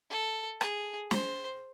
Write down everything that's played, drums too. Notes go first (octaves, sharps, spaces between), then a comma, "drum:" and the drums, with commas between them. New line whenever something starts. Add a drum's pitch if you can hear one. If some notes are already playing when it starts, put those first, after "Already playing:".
A4
G#4, drum: rim click
C5, drum: snare